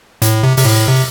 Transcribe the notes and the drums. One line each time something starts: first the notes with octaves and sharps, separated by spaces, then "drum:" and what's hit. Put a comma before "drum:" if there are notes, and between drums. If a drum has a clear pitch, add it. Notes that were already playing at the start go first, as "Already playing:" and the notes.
A2, drum: hi-hat
C3
C3, drum: open hi-hat
A2
C3